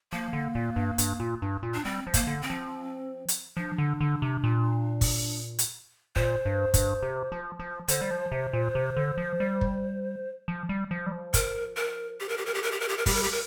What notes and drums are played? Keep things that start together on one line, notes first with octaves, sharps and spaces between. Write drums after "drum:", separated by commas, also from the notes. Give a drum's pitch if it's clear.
F3 A#3
D3
A#2
G2
G2, drum: hi-hat
A#2
G2
A#2
D4
G3 C4
F3
A#3, drum: kick, hi-hat
D3
C4
F3
drum: hi-hat
F3 D4
D3
D3
C3
A#2
drum: kick, open hi-hat
drum: hi-hat
A#2 C5, drum: kick
G2
G2, drum: kick, hi-hat
C3
F3
F3
D3 C5, drum: hi-hat
G3
F3
C3
A#2
C3
D3
F3
G3
drum: kick
F3
G3
F3
G3
F3
A#4, drum: kick, hi-hat
A#4
G4
A#4
G4
A#4
G4
A#4
G4
A#4
G4
A#4
G3 G4, drum: kick, open hi-hat
A#4
G4
A#4